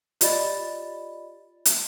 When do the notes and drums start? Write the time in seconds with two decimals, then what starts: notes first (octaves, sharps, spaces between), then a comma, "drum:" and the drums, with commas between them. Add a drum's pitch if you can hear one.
0.21 F4 G4 D5 D#5 B5 A6, drum: hi-hat
1.65 drum: hi-hat